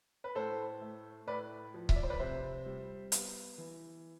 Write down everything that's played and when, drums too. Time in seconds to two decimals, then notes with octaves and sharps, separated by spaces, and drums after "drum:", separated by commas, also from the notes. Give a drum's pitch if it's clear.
0.24 B4
0.35 A2 A4 C5
0.81 A3
1.27 A2 B4 D5
1.74 F3
1.89 E5, drum: kick C#1
1.96 D5
2.03 C5
2.10 B4 D5
2.19 C3 C5 E5
2.66 G3
3.12 B3, drum: hi-hat
3.58 E3